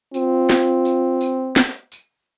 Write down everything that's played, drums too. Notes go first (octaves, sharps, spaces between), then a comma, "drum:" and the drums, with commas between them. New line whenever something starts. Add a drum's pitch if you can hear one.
C4 F4, drum: tambourine
drum: snare
drum: tambourine
drum: tambourine
drum: snare
drum: tambourine